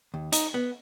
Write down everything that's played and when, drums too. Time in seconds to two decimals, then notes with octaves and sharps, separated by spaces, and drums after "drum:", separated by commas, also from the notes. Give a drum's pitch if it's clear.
0.14 D#2
0.32 D#4, drum: hi-hat
0.54 B3